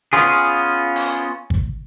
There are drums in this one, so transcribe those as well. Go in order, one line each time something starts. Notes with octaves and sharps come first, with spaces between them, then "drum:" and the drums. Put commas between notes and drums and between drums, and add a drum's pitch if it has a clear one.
B3 C#4 F4 G#4
drum: open hi-hat
drum: kick